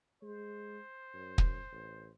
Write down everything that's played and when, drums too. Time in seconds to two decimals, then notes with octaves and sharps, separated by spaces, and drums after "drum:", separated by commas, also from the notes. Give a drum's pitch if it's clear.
0.23 G#3 C5
1.14 F#2
1.38 drum: kick
1.72 A1